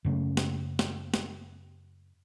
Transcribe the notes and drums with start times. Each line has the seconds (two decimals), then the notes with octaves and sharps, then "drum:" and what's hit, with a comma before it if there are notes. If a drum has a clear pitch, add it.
0.04 F#2 C#3 A3 C#4
0.37 drum: snare
0.79 drum: snare
1.14 drum: snare